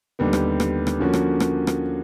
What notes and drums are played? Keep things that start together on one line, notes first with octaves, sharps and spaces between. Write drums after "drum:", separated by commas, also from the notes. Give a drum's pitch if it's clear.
D#2 D3 G3 B3
drum: rim click
drum: rim click
drum: rim click
D3 F3 A#3 C#4 F#4
drum: rim click
drum: rim click
drum: rim click